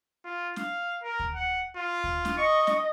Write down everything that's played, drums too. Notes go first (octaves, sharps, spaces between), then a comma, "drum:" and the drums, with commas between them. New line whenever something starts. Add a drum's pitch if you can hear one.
F4
F5, drum: snare
A#4
drum: kick D2
F#5
F4
drum: kick D2
drum: snare
D#5 C#6
drum: snare